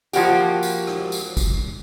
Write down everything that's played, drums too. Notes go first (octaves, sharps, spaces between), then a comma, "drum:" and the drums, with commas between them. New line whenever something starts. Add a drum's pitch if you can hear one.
F3 A#3 F#4 G4, drum: tambourine
drum: tambourine
drum: rim click
drum: tambourine
drum: kick, tambourine